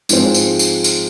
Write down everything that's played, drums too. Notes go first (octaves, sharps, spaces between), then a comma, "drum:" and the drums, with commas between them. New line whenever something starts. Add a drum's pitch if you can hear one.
G#2 F3 G#3 C4, drum: tambourine
drum: tambourine
drum: tambourine
drum: tambourine